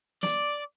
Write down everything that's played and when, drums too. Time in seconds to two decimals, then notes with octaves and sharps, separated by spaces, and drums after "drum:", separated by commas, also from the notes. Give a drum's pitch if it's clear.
0.23 D5, drum: snare